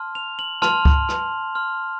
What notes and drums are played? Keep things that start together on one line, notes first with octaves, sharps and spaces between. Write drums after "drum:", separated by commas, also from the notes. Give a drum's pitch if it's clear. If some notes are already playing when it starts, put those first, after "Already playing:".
Already playing: A5 C6 F6
F7
F#7
A5 C6 F6 F7, drum: rim click
drum: kick C#2
drum: rim click
C6 F6